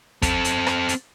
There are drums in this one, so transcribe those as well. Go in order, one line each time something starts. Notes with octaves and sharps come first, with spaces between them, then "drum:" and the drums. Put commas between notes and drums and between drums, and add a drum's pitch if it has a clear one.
C4 A4, drum: kick, hi-hat
drum: hi-hat
drum: rim click
drum: hi-hat